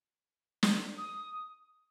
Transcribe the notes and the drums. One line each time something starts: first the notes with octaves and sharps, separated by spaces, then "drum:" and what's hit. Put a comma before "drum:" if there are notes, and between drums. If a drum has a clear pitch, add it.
drum: snare
D#6